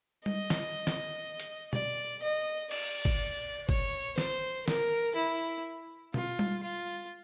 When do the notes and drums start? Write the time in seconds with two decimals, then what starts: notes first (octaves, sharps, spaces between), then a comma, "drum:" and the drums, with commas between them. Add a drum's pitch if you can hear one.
0.26 D#5, drum: tom G3
0.50 drum: snare
0.87 drum: snare
1.40 drum: hi-hat
1.73 D5, drum: tom B2
2.22 D#5
2.71 D5, drum: cymbal
3.05 drum: kick
3.69 C#5, drum: kick
4.18 C5, drum: snare
4.68 A#4, drum: snare
5.16 E4
6.14 F4, drum: tom B2
6.39 drum: tom G3
6.63 F4